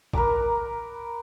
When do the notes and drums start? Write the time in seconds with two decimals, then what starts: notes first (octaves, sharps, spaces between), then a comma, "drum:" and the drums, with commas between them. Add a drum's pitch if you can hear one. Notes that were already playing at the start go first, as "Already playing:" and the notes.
0.13 A#4 B4 A#5 D6, drum: kick